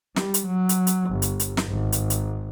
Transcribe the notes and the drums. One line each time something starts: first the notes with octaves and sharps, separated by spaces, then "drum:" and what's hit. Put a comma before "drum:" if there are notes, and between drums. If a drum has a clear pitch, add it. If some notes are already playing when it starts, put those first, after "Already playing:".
G3, drum: snare
drum: hi-hat
F#3
drum: hi-hat
drum: hi-hat
G1
drum: hi-hat
drum: hi-hat
drum: snare
G#1
drum: hi-hat
drum: hi-hat